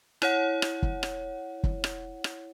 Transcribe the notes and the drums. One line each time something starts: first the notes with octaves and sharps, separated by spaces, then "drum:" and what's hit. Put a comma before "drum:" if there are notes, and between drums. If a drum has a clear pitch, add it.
E4 C#5 F#5, drum: rim click
drum: rim click
drum: kick
drum: rim click
drum: kick
drum: rim click
drum: rim click